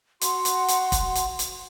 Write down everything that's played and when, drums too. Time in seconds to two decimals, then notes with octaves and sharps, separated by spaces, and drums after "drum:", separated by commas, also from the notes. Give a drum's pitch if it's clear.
0.21 F#4 F#5 C6, drum: hi-hat
0.45 drum: hi-hat
0.68 drum: hi-hat
0.92 drum: kick, hi-hat
1.15 drum: hi-hat
1.39 drum: hi-hat